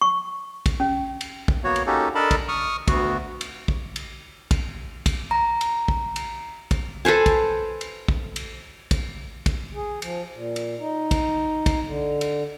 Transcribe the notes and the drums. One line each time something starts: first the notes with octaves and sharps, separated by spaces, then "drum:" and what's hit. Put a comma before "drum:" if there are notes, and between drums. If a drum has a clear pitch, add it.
C#6
drum: kick, cymbal
C#4
drum: cymbal
drum: kick
A#3 B3 F#4 C#5
drum: cymbal
A#3 C#4 D#4 F#4 G4 A4
D4 A4 A#4 D#5 A5 B5
drum: kick, cymbal
C#6 D#6 F6
D2 B3 F#4, drum: kick, cymbal
drum: cymbal
drum: kick
drum: cymbal
drum: kick, cymbal
drum: kick, cymbal
A#5
drum: cymbal
drum: kick
drum: cymbal
drum: kick, cymbal
A4 B4 C5 G#5
drum: kick, cymbal
drum: cymbal
drum: kick
drum: cymbal
drum: kick, cymbal
drum: kick, cymbal
G#4
F3, drum: cymbal
A#2
drum: cymbal
D#4
drum: kick, cymbal
drum: kick, cymbal
D3
drum: cymbal